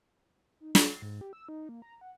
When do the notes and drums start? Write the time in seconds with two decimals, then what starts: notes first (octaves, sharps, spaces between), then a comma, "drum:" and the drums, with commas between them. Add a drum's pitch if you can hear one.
0.60 D#4
0.75 G4, drum: snare
0.88 C7
1.02 G#2
1.21 G4
1.33 E6
1.49 D#4
1.69 A#3
1.82 A#5
2.01 F#5